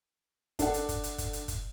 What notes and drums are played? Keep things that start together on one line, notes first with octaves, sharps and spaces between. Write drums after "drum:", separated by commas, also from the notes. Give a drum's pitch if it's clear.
D4 A4 F#5, drum: kick, hi-hat
drum: hi-hat
drum: kick, hi-hat
drum: hi-hat
drum: kick, hi-hat
drum: hi-hat
drum: kick, hi-hat